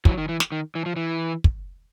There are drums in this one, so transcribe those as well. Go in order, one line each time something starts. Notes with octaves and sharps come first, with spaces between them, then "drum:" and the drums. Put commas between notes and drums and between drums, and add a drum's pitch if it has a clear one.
E3 F#3, drum: kick
D#3
E3
drum: snare
D#3
E3
F3
E3
drum: kick